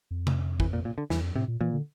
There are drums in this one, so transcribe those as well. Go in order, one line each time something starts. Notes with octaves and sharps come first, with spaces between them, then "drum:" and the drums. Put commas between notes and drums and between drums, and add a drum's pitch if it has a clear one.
F2
drum: tom C3
E3, drum: kick
A#2
A#2
D3
E2 E3, drum: snare
F2
A2 C3
A#2
A#2 E3
D3